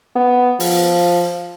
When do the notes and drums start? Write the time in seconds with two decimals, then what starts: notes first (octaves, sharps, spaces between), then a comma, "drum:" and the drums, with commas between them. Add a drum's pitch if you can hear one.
0.16 B3
0.60 F3, drum: open hi-hat